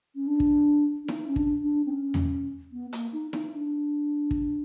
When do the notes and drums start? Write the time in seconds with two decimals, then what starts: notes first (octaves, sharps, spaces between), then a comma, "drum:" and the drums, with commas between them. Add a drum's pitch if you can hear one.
0.15 C#4
0.27 D4
0.40 drum: kick
1.04 D4
1.08 D#4, drum: snare E4
1.27 C#4
1.36 D4, drum: kick
1.63 D4
1.86 C4
1.90 C#4
2.14 drum: tom E2
2.72 B3
2.93 A#3, drum: hi-hat
3.13 D#4
3.33 D#4, drum: snare E4
3.53 D4
4.31 drum: kick